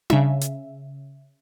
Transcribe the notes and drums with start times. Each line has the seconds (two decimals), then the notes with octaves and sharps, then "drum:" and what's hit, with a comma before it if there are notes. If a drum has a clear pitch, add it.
0.10 C#3 E5, drum: tom D4
0.41 drum: hi-hat